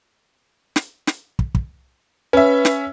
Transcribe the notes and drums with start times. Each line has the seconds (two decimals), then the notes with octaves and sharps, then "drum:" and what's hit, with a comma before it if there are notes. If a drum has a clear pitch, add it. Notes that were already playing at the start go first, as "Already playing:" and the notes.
0.76 drum: snare
1.07 drum: snare
1.39 drum: kick
1.55 drum: kick
2.33 C#4 B4 E5
2.65 drum: snare